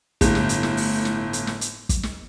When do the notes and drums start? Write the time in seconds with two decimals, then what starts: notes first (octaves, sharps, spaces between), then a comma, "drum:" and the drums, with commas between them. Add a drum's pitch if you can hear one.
0.21 G1 A2, drum: kick, hi-hat
0.35 drum: snare
0.49 drum: hi-hat
0.63 drum: snare
0.77 drum: open hi-hat
1.05 drum: snare
1.33 drum: hi-hat
1.47 drum: snare
1.61 drum: hi-hat
1.89 drum: kick, hi-hat
2.03 drum: snare